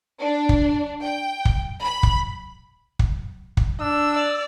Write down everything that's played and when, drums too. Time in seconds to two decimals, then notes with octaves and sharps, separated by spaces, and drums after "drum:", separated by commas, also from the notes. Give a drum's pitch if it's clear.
0.20 D4
0.49 drum: kick
1.02 G5
1.45 drum: kick
1.82 B5
2.03 drum: kick
2.99 drum: kick
3.57 drum: kick
3.81 D4 E6
4.15 D5